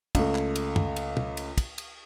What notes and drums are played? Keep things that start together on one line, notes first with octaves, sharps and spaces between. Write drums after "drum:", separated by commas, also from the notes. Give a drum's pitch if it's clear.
C#2 A3, drum: kick, cymbal
drum: clap
drum: cymbal
drum: tom
drum: cymbal
drum: tom
drum: cymbal
drum: kick, cymbal
drum: cymbal